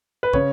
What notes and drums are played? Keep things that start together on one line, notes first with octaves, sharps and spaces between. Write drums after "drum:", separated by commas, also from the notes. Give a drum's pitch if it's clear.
B4
C#3 C#5, drum: kick